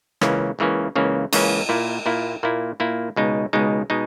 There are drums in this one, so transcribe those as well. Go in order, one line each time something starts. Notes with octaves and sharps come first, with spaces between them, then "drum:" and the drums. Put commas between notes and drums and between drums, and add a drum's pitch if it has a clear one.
C#2 C#3 E3 A#3 C#4, drum: rim click
C#2 C#3 E3 A#3 C#4
C#2 C#3 E3 A#3 C#4
C#2 C#3 E3 A#3 C#4, drum: cymbal
A#2 A#3 E4
A#2 A#3 E4
A#2 A#3 E4
A#2 A#3 E4
C#2 B2 G#3 D#4
C#2 B2 G#3 D#4
B2 G#3 D#4